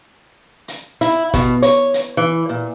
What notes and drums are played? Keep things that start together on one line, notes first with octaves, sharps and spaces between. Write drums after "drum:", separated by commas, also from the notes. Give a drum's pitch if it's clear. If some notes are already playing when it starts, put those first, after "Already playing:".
drum: hi-hat
E4, drum: hi-hat
B2, drum: kick, hi-hat
C#5, drum: hi-hat
drum: hi-hat
E3
A#2